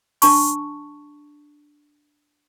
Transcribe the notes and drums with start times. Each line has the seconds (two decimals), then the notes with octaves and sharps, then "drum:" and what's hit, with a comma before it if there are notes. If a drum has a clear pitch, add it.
0.22 D4 A5 C#6, drum: open hi-hat